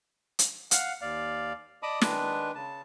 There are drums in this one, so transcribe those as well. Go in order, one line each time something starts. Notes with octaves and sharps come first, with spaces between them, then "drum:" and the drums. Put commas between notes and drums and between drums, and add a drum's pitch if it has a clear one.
drum: hi-hat
F5 F#5, drum: hi-hat
D#2 D5 F5
D5 D#5 A5 B5 D6 D#6
D#3 G#3 D4 B4, drum: snare
C#3 A5